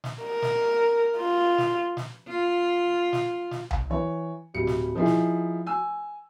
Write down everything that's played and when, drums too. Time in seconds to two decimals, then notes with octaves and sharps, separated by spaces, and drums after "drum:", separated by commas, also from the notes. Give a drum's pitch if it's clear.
0.04 drum: snare
0.24 A#4
0.42 drum: snare
1.17 F4
1.58 drum: snare
1.97 drum: snare
2.29 F4
3.13 drum: snare
3.51 drum: snare
3.71 drum: tom C2
3.90 E3 C#5
4.54 D1 G3 C#7
4.67 drum: snare
4.95 F3 D#4 E4 G#4
5.06 drum: snare
5.67 G#5 E6